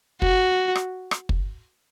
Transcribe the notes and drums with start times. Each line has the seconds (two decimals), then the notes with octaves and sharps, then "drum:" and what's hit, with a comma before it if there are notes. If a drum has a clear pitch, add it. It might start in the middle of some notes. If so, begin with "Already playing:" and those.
0.22 F#4, drum: kick
0.75 drum: rim click
1.11 drum: rim click
1.29 drum: kick